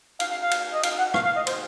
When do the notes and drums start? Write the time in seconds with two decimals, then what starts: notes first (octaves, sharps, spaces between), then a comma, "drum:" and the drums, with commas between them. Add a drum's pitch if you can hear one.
0.20 F5, drum: cymbal
0.30 F5
0.41 F5
0.51 drum: cymbal
0.73 D#5
0.83 F5, drum: cymbal
0.98 F#5
1.14 F5, drum: rim click
1.25 F5
1.36 D#5
1.47 C5, drum: cymbal